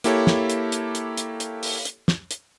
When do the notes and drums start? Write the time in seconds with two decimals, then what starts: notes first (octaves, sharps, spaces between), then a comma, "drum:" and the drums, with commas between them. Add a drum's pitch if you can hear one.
0.04 A#3 E4 G4 A4 C#5, drum: hi-hat
0.27 drum: snare
0.50 drum: hi-hat
0.72 drum: hi-hat
0.95 drum: hi-hat
1.17 drum: hi-hat
1.40 drum: hi-hat
1.63 drum: open hi-hat
1.85 drum: hi-hat
2.08 drum: snare
2.31 drum: hi-hat